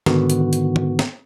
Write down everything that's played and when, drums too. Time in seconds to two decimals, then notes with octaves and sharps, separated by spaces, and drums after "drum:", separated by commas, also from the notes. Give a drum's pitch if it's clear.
0.06 G#2 D3 D#3 B3 F#4, drum: snare
0.30 drum: hi-hat
0.53 drum: hi-hat
0.76 drum: tom D#3
0.99 drum: snare